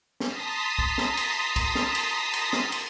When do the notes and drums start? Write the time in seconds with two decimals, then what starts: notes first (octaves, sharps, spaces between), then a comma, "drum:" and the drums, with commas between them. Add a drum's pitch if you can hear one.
0.20 A5 A#5 C6 D#6 B6, drum: snare
0.79 drum: kick
0.98 drum: snare
1.17 drum: cymbal
1.56 drum: kick, cymbal
1.75 drum: snare
1.95 drum: cymbal
2.34 drum: cymbal
2.53 drum: snare
2.72 drum: cymbal